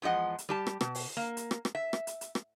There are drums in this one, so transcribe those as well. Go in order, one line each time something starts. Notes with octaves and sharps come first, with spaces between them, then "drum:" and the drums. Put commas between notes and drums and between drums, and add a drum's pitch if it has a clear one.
E2 F3 G#3 D#5 F#5
drum: hi-hat
G3 G4 A5
drum: rim click
B2, drum: rim click
drum: open hi-hat
A#3
drum: hi-hat
drum: rim click
drum: rim click
E5
drum: rim click
drum: hi-hat
drum: hi-hat
drum: rim click